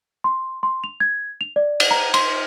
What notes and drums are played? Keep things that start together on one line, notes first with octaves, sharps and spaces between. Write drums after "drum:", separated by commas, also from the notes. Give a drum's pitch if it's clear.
C6
C6
F7
G#6
F7
D5
drum: cymbal
A#5
C6, drum: cymbal